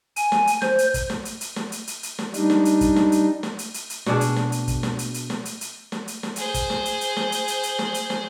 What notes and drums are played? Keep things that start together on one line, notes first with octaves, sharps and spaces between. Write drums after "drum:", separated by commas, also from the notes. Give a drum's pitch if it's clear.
G#5, drum: hi-hat
drum: snare
drum: hi-hat
C5, drum: snare
drum: hi-hat
drum: kick, hi-hat
drum: snare
drum: hi-hat
drum: hi-hat
drum: snare
drum: hi-hat
drum: hi-hat
drum: hi-hat
drum: snare
G3 D4 D#4, drum: hi-hat
drum: snare
drum: hi-hat
drum: kick, hi-hat
drum: snare
drum: hi-hat
drum: snare
drum: hi-hat
drum: hi-hat
drum: hi-hat
B2 D4 G#4, drum: snare
drum: hi-hat
drum: snare
drum: hi-hat
drum: kick, hi-hat
drum: snare
drum: hi-hat
drum: hi-hat
drum: snare
drum: hi-hat
drum: hi-hat
drum: snare
drum: hi-hat
drum: snare
G#4 C5, drum: hi-hat
drum: kick, hi-hat
drum: snare
drum: hi-hat
drum: hi-hat
drum: snare
drum: hi-hat
drum: hi-hat
drum: hi-hat
drum: snare
drum: hi-hat
drum: snare